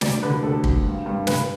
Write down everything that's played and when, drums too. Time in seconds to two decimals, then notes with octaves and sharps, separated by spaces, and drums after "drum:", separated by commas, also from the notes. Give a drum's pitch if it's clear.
0.01 D2 D5, drum: snare
0.22 D3 B4
0.43 D2 A4
0.64 D2, drum: kick
0.86 G2
1.06 G2
1.27 G2 B4, drum: snare